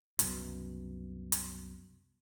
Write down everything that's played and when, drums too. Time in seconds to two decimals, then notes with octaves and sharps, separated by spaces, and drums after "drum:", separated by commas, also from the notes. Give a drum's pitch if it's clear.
0.19 C2 F#2 B2, drum: hi-hat
1.32 drum: hi-hat